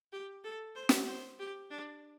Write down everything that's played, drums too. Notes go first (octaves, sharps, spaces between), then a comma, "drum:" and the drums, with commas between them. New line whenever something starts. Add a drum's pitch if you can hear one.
G4
A4
C5
drum: snare
C5
G4
D4